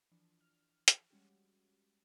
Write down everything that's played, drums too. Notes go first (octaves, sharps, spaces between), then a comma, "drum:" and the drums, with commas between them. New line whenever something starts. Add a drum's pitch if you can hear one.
E3 F3 D4
F6
drum: hi-hat
G3 G#3 C#4 F#4 G4